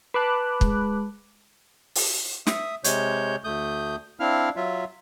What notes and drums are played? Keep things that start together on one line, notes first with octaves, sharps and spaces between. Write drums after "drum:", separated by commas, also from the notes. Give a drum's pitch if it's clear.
B4 A5 B5 D6 F#6
G#3, drum: kick
drum: open hi-hat
E5 D#6, drum: snare
C3 G#3 C#5 G6, drum: hi-hat
D2 A3 D#6 G6
C4 D4 E4 F5 F6
F#3 F4 E5